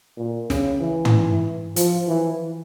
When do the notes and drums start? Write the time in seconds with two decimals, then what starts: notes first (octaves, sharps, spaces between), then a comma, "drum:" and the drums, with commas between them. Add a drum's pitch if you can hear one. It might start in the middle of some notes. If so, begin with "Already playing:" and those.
0.17 A#2
0.50 C#3, drum: snare
0.81 E3
1.05 drum: tom
1.76 F3, drum: hi-hat
2.08 E3